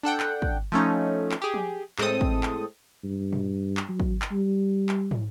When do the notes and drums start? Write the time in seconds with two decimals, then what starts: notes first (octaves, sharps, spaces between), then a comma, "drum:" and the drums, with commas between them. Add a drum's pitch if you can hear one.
0.03 D4 A4 F#5 G5
0.20 drum: clap
0.42 drum: kick
0.72 F3 A3 C#4 D#4
1.31 drum: clap
1.42 G4 G#4
1.54 drum: tom F3
1.99 A2 G#3 C4 A4 D#6, drum: clap
2.21 drum: kick
2.43 drum: clap
3.04 G2
3.33 drum: tom A#2
3.77 drum: clap
3.88 F#3
4.00 drum: kick
4.22 drum: clap
4.32 G3
4.89 drum: clap
5.11 drum: tom